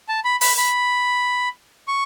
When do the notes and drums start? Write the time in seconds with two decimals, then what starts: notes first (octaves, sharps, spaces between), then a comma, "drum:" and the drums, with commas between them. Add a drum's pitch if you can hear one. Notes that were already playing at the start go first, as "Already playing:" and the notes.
0.09 A5
0.25 B5
0.41 B5, drum: open hi-hat
0.57 B5
1.88 C#6